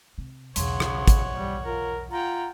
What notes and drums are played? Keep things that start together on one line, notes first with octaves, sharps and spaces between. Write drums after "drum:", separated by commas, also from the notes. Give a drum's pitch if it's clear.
C3
B1 E2 C#3 C#5 F#5 C6, drum: hi-hat
drum: rim click
drum: kick, hi-hat
G3
F4 A#4
F4 F#5 G5 A#5